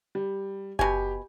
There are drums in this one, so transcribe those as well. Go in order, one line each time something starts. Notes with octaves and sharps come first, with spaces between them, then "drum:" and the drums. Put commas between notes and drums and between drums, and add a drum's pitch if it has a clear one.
G3
B2 G4 G#5, drum: kick F#1